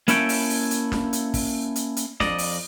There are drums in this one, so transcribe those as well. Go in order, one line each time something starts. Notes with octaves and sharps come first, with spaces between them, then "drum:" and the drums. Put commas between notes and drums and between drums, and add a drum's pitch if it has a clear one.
A#3 C#4 E4 A4 C#5 G5, drum: hi-hat
drum: open hi-hat
drum: open hi-hat
drum: hi-hat
drum: snare
drum: hi-hat
drum: kick, open hi-hat
drum: hi-hat
drum: hi-hat
F2 D5 D#5, drum: snare
drum: open hi-hat